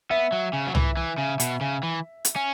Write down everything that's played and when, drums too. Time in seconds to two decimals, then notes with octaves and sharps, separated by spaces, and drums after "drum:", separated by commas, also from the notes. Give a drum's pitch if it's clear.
0.10 B3 E5
0.32 F#3
0.53 C#3
0.67 F#3
0.75 E3, drum: tom C2
0.97 E3
1.18 C#3
1.40 B2, drum: hi-hat
1.61 C#3
1.83 E3
2.25 drum: hi-hat
2.36 C#4